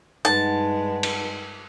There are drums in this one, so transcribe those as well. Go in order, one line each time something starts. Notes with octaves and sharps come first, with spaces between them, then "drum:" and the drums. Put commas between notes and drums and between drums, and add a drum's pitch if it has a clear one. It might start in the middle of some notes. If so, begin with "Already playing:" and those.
G2 G#3 D#4 B4 F#5 A5
drum: cymbal